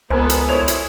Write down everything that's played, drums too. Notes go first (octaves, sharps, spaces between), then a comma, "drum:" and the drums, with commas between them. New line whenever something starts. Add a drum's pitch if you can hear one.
C#2 B3 A4 A#4 C5 G#5
drum: hi-hat
E4 C5 C#5 D#5 G#6 F7
drum: hi-hat